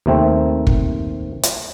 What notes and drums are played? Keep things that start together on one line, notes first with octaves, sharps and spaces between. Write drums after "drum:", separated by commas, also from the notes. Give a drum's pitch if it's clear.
D#2 C3 A3 C4
drum: kick
drum: hi-hat